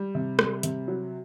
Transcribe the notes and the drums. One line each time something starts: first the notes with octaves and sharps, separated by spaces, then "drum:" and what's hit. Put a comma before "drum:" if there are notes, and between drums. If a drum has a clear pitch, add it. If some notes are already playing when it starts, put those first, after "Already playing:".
Already playing: G3
C3
G3, drum: rim click
C3, drum: hi-hat
F#3